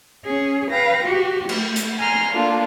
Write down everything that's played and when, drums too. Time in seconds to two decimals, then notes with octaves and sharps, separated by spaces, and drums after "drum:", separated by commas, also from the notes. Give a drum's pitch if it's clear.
0.25 C#4 G#4
0.70 B4 F5 G5 A#6
1.04 F#4 G4
1.49 A3, drum: cymbal
1.76 drum: hi-hat
1.99 G#5 A#5 C6 F6
2.32 A#3 D4 F4 A4